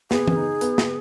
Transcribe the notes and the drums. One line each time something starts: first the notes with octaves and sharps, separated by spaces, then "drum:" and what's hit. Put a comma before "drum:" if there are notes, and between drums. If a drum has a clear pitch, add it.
B3 G#4, drum: snare
drum: tom E3
D#4
B3, drum: hi-hat
drum: snare